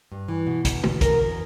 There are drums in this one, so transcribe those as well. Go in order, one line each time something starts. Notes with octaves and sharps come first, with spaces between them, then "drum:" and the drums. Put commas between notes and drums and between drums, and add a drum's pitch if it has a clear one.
G2
E3
B2
E2, drum: kick, hi-hat
B2, drum: tom
E2 A#4, drum: kick, hi-hat
E2